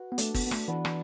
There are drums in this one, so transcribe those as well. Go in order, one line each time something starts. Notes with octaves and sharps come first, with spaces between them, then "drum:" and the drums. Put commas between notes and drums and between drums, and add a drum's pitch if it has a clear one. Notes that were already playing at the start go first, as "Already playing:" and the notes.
Already playing: F#4 B4
B3
A3 D4 A4 D5, drum: hi-hat
B3, drum: kick, open hi-hat
B3
A3, drum: rim click
E3 B3 D4 B4
drum: rim click